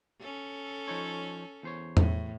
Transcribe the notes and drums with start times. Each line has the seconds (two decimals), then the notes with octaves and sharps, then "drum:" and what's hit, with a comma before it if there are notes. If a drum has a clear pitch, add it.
0.20 C#4 A4
0.88 F3 D#4 C#5
1.63 E2 C5 C#5
1.97 A2, drum: tom E2